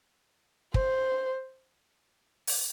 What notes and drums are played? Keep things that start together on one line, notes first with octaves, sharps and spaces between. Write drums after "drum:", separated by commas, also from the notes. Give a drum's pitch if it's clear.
C5, drum: kick
drum: open hi-hat